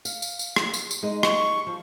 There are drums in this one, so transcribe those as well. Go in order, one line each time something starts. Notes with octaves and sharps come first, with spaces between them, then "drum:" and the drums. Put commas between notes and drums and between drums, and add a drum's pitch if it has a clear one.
F5, drum: tambourine
drum: tambourine
drum: tambourine
drum: rim click
drum: tambourine
drum: tambourine
G#3 D#4 D#5
C#6, drum: rim click
F3